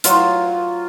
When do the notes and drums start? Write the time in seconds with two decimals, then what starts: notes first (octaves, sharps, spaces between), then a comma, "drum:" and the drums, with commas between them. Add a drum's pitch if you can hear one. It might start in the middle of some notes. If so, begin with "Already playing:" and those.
0.04 F#3 F4, drum: hi-hat